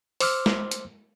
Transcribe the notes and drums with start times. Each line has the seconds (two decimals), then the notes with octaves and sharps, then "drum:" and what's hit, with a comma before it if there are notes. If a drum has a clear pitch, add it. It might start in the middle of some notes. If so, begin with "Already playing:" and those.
0.20 C5 C6 D6 E6 F6, drum: open hi-hat
0.46 drum: snare
0.71 drum: hi-hat